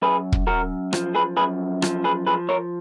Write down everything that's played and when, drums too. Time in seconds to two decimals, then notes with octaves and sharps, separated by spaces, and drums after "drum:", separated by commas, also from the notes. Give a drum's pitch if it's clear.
0.02 F#2 G#4 B4
0.32 drum: kick
0.47 F#2 F#4 A#4
0.93 F3, drum: rim click
1.14 G#4 B4
1.37 F#2 G#4 B4
1.82 F3, drum: rim click
2.04 G#4 B4
2.27 F3 G#4 B4
2.49 A#4 C#5